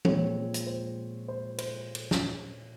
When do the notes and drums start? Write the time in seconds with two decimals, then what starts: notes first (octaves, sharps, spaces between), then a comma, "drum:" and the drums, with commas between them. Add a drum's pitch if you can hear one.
0.05 A#2 F3 G#3 C4 C#5, drum: tom E3
0.54 drum: hi-hat
0.67 C5
1.28 C5
1.58 C5, drum: cymbal
1.95 drum: cymbal
2.11 drum: snare